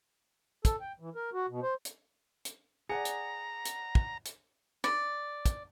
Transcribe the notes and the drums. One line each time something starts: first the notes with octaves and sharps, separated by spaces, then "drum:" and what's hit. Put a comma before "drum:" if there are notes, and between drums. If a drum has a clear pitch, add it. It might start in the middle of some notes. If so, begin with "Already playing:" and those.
A4, drum: kick, hi-hat
G5
E3
A#4
F#4
B2
C5
drum: hi-hat
drum: hi-hat
G#4 D5 F#5 A#5 C#7
drum: hi-hat
drum: hi-hat
drum: kick
drum: hi-hat
D5, drum: rim click
drum: kick, hi-hat